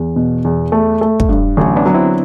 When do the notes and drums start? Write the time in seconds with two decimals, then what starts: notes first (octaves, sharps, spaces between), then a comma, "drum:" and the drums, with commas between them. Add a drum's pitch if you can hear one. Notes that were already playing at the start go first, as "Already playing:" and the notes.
Already playing: E2 E3
0.16 B2
0.45 E2
0.72 A3
1.01 A3
1.20 drum: kick
1.29 G2
1.57 A1 D3 F#3
1.76 B3 D4
1.86 F#3
1.94 C4 E4